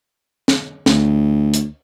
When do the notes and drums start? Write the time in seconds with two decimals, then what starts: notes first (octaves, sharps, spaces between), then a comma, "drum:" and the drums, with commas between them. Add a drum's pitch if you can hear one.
0.48 drum: snare
0.86 D2, drum: snare
1.54 drum: hi-hat